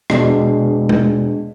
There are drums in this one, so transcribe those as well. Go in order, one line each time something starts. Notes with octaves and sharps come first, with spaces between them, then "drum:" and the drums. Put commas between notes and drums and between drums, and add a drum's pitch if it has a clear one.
B2 G#3 D4, drum: rim click
drum: tom G#3